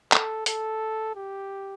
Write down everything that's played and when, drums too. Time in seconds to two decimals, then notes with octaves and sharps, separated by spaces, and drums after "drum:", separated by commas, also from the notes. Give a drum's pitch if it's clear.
0.12 A4, drum: clap
0.46 A4, drum: hi-hat
1.16 G4